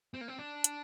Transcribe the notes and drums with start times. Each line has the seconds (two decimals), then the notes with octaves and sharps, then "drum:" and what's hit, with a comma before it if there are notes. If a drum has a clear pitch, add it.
0.14 C4
0.21 A#3
0.28 C4
0.39 D4
0.64 drum: hi-hat